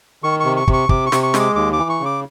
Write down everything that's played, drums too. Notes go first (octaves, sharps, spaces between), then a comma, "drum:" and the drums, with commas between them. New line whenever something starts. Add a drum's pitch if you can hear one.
D#3 C#6
C3 C#6
C#6
C3, drum: kick
C#6
C3 D6, drum: kick
C#6
C3, drum: snare
C#6
G#3, drum: snare
D6
D#2 D6
D6
E3
C#6
C#3
D6